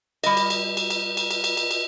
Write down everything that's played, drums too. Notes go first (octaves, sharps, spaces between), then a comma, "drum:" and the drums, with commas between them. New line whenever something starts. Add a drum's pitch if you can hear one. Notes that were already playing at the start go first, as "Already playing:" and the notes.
G3 D#5, drum: cymbal
drum: cymbal
drum: cymbal
drum: cymbal
drum: cymbal
drum: cymbal
drum: cymbal
drum: cymbal
drum: cymbal
drum: cymbal